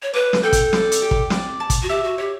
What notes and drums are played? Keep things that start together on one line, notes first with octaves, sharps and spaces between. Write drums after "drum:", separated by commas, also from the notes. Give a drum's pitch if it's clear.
C#5
B4 D6
drum: snare
A4 G5
drum: kick, hi-hat
D5, drum: snare
drum: hi-hat
G4
drum: kick
D5, drum: snare
A5
drum: kick, hi-hat
F#4
G4 E5
F#4
G4 C#5